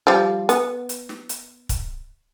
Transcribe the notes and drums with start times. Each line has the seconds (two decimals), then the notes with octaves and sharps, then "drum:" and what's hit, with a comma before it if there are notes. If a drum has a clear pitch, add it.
0.07 F3 G3
0.49 B3, drum: hi-hat
0.89 drum: hi-hat
1.09 drum: snare
1.29 drum: hi-hat
1.69 drum: kick, hi-hat